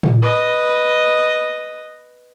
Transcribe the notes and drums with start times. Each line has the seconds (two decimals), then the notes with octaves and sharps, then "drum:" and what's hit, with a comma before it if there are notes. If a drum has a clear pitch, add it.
0.03 drum: tom
0.22 B4 D#5